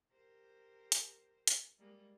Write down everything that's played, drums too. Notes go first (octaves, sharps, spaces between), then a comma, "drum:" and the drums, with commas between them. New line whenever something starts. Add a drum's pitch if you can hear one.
G4 A#4 C5
drum: hi-hat
drum: hi-hat
G3 G#3 A#3